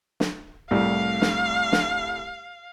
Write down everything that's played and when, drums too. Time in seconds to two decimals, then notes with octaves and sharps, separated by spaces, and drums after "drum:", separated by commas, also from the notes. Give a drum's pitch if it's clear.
0.20 drum: snare
0.71 C2 A2 G3 F5
1.22 drum: snare
1.72 drum: snare